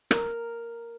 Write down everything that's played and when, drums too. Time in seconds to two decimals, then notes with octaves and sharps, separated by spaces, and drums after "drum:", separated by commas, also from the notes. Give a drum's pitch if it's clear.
0.11 A#4, drum: rim click